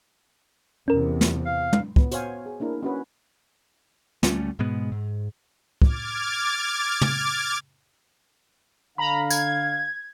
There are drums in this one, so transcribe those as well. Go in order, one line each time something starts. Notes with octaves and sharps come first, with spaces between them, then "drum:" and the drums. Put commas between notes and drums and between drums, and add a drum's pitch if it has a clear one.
E2 C3 C#4 A#4
drum: snare
F5
drum: tom
B3, drum: kick
F#4 C5 C#5 F5 G#5, drum: hi-hat
G#4
A#3 D4 E4 A#4
C#4 F#4 B4
D2 G3 A3 C#4, drum: snare
G#2 B2 G#3 B3
G#2
D6 F6 G#6 A6, drum: kick
drum: tom
D3 F5 A#5 B5
G#6, drum: tambourine